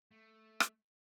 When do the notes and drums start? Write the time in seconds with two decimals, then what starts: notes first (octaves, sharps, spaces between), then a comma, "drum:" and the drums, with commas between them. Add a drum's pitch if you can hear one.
0.11 A3
0.60 drum: rim click